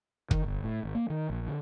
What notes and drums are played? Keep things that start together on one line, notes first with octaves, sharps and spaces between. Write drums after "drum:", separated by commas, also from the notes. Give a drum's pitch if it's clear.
D#3, drum: kick
G1
A2
G#1
A#3
D#3
A#1
D3